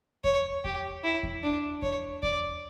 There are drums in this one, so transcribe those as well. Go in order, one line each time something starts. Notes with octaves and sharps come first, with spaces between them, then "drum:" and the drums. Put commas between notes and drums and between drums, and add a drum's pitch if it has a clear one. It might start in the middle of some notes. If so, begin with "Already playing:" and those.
C#5, drum: kick E2
G4, drum: kick E2
E4
drum: kick E2
D4
C#5, drum: kick E2
D5, drum: kick E2